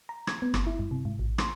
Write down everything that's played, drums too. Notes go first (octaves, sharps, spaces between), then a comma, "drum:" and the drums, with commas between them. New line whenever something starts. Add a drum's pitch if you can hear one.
A#5
G#6, drum: rim click
B3
G1, drum: rim click
E4
G2
C3
G#2
A1
C6, drum: rim click